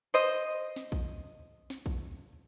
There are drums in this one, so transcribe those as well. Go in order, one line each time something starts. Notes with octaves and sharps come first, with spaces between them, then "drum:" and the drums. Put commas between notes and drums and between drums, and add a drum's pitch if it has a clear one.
C5 D#5
drum: snare
drum: kick A#1
drum: snare
drum: kick A#1